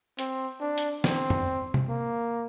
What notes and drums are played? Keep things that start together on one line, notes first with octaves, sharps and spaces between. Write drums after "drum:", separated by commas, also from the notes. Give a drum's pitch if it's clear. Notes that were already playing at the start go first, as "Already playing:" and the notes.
C4, drum: hi-hat
D4
drum: hi-hat
C4, drum: snare
drum: tom F2
drum: tom C3
A#3